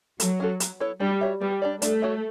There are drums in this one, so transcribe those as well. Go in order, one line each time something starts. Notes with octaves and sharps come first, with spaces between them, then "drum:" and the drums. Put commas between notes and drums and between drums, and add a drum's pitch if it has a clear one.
F#3 A3, drum: hi-hat
C#4 F#4 A4
F#3, drum: hi-hat
B3 E4 A4 C#5
G3 D4
F#4 C#5 E5
G3 B3
D4 G4 D5
A3 D4, drum: hi-hat
F#4 C#5 E5